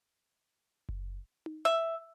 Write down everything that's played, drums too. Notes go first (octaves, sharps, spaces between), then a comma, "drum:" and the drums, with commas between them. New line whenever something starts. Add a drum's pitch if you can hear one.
drum: kick F#1
drum: tom D#4
E5